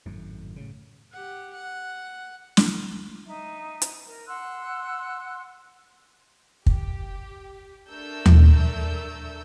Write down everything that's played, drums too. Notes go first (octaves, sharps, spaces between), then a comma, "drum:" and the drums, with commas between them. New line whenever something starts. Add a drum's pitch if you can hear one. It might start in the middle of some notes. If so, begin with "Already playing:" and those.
G#1 F#2 A2
A2 C#3
G4 F#5
F#5
drum: snare
D#4 E5
drum: hi-hat
A#4
F#5 C6 E6 F#6
G4, drum: kick
A3 D4 A4 A#4 E6 G6
drum: tom D#2